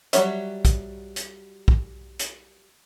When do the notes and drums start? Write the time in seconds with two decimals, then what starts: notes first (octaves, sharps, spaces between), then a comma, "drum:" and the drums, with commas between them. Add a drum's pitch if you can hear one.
0.13 F#3 G3 A4 C#5 E5, drum: hi-hat
0.65 drum: kick, hi-hat
1.16 drum: hi-hat
1.68 drum: kick
2.19 drum: hi-hat